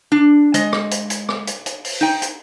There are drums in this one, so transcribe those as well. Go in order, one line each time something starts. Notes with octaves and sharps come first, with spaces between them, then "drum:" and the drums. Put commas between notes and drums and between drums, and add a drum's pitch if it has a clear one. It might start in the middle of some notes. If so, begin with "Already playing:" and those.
D4
G#3 D#5, drum: hi-hat
drum: rim click
drum: hi-hat
drum: hi-hat
drum: rim click
drum: hi-hat
drum: hi-hat
drum: open hi-hat
D#4 G5
drum: hi-hat